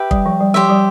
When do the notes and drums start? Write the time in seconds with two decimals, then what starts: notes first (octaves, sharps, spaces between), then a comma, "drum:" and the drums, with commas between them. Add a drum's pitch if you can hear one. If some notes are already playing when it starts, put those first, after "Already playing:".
Already playing: G4 B4 E5 G5
0.11 G3, drum: kick
0.26 F3
0.40 G3
0.54 F3 G4 C5 E5
0.69 G3